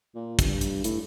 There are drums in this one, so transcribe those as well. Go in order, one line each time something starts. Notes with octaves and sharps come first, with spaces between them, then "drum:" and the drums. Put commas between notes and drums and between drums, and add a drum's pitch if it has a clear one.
A#2
G2, drum: kick, hi-hat
drum: hi-hat
A2, drum: hi-hat